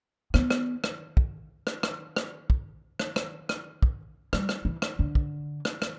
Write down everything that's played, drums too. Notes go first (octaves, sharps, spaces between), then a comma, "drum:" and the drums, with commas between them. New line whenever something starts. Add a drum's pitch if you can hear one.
B3, drum: rim click
drum: rim click
drum: rim click
drum: kick
drum: rim click
drum: rim click
drum: rim click
drum: kick
drum: rim click
drum: rim click
drum: rim click
drum: kick
G3, drum: rim click
drum: rim click
E3
drum: rim click
D3
drum: kick
drum: rim click
drum: rim click